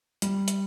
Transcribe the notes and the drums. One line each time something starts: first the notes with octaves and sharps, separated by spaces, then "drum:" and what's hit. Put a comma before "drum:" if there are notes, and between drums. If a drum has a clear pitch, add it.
G3, drum: hi-hat
drum: hi-hat